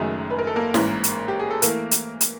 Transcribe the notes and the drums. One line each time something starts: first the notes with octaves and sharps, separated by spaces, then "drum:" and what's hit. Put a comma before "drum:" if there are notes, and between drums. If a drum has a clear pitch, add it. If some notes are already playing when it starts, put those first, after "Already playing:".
Already playing: F#1 F#2 D#3 F#3 G#3 A3 G#4
B4
A#4
A4
A#3 A#4
A1 G#2 E3, drum: snare
drum: hi-hat
G4
G#4
A4
E3 A3 A#3 A#4, drum: hi-hat
drum: hi-hat
drum: hi-hat